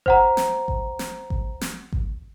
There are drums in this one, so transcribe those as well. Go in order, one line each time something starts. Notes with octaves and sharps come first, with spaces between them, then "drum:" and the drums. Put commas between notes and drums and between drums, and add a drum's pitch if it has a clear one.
C5 F#5 A#5, drum: kick G#1
drum: snare
drum: kick G#1
drum: snare
drum: kick G#1
drum: snare
drum: kick G#1